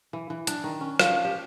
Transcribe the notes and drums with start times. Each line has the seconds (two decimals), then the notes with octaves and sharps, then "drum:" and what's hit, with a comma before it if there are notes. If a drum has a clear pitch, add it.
0.13 E3
0.30 E3
0.47 D4, drum: hi-hat
0.64 D#3
0.81 C#4
0.99 F3, drum: rim click
1.25 G4